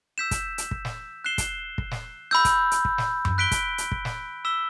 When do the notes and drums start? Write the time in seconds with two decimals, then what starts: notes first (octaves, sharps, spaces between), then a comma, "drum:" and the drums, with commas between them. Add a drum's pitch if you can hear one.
0.18 E6 G6 B6 E7
0.31 drum: kick, hi-hat
0.58 drum: hi-hat
0.71 drum: kick
0.85 drum: snare
1.25 F#6 C7 E7 G7
1.38 drum: kick, hi-hat
1.78 drum: kick
1.91 drum: snare
2.31 B5 E6 G6
2.45 drum: kick, hi-hat
2.71 drum: hi-hat
2.85 drum: kick
2.98 drum: snare
3.25 drum: tom F#2
3.38 F#6 B6 D7 G7
3.52 drum: kick, hi-hat
3.78 drum: hi-hat
3.92 drum: kick
4.05 drum: snare
4.45 E6 B6 E7 G7